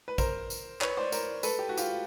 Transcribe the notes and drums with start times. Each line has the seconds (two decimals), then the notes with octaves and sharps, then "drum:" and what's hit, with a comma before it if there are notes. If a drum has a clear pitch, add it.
0.08 B4
0.18 A#4 C5, drum: kick A#1, tambourine
0.50 drum: tambourine
0.81 B4 C#5, drum: clap
0.97 C5 D5
1.12 A#4 C5, drum: tambourine
1.43 A4 B4, drum: tambourine
1.59 G4
1.69 F#4
1.78 F4 G4, drum: tambourine